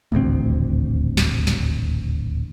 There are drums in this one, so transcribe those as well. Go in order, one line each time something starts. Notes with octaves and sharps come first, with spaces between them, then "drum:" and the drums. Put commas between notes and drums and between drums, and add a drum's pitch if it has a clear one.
D#1 A1 D2 C4, drum: tom G#3
drum: snare
drum: snare